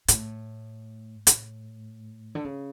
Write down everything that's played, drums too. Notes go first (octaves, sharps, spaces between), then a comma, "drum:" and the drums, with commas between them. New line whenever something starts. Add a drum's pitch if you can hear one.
A2, drum: hi-hat
A2, drum: hi-hat
D3
C#3